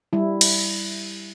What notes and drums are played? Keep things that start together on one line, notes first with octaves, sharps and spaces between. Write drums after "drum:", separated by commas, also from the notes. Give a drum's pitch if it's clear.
G3 E4
drum: cymbal